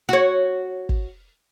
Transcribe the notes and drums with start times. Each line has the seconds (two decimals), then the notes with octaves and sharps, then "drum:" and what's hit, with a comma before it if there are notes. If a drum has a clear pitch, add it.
0.09 F#4 C#5
0.89 drum: kick